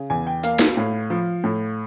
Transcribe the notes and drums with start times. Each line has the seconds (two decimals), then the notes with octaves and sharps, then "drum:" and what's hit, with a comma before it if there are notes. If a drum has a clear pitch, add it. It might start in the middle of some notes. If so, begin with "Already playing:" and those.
Already playing: C#3
0.10 E2 G#5
0.27 G5
0.43 A#3 F5, drum: hi-hat
0.59 drum: snare
0.77 A2
1.10 F3
1.44 A2